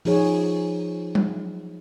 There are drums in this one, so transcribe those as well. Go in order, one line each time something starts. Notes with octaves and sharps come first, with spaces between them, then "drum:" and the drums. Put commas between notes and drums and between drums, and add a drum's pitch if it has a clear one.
F3 D#4 G#4 C#5, drum: open hi-hat
drum: tom F#3